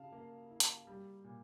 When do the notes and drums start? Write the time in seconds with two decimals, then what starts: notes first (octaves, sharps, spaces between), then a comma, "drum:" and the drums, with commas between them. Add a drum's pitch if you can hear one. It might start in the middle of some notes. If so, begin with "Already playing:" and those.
Already playing: C#3 F5 A5
0.12 A#3
0.50 E4
0.60 drum: hi-hat
0.87 G3
1.24 A#2